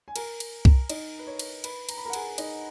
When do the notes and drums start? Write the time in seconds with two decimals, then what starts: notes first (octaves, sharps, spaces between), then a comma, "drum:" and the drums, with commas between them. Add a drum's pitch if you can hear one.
0.08 G#5
0.16 A#4 A#5, drum: cymbal
0.40 drum: cymbal
0.65 drum: kick C2
0.90 D#4 D#5, drum: cymbal
1.19 B4
1.27 C#5
1.39 drum: cymbal
1.64 B4 B5, drum: cymbal
1.89 A#5, drum: cymbal
1.97 B5
2.05 A#4 A#5
2.10 F#5
2.13 G#4 G#5, drum: cymbal
2.38 D#4 D#5, drum: cymbal